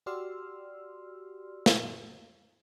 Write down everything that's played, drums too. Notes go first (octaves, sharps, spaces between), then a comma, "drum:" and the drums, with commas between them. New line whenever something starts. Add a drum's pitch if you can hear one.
F#4 G4 D5 C6 E6 F6
drum: snare